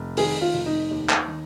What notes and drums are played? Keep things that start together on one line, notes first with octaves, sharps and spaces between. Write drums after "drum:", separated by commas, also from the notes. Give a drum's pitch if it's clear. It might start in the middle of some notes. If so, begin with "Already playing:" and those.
Already playing: F1
D#3 G#4, drum: open hi-hat
F4
F1
D#4
D#2
drum: clap
D#3